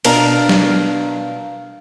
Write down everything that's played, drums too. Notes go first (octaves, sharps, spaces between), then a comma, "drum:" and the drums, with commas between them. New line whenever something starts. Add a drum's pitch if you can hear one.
B2 D4 A#4 F5 A#5, drum: cymbal
drum: snare